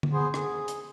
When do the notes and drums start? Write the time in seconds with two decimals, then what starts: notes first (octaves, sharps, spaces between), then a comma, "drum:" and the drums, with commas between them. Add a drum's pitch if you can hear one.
0.03 drum: tom D3
0.12 B3 G#4 C5
0.34 G#4, drum: rim click
0.68 drum: hi-hat